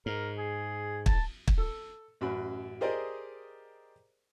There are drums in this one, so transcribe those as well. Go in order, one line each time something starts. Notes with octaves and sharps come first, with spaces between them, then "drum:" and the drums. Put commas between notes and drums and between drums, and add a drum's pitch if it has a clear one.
G#2 A#4
G#4
A5, drum: kick
drum: kick
A4
A1 F#2 F#4 B5
G4 G#4 A#4 C5 D5 D#5